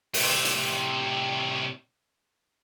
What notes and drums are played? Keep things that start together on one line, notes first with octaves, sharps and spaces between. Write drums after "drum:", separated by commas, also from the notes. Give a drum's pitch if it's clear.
A2 C3, drum: open hi-hat
drum: hi-hat